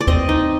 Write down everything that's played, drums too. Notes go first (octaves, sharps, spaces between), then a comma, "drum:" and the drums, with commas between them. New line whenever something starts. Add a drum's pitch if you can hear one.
D5
C4 D#5, drum: kick
D#4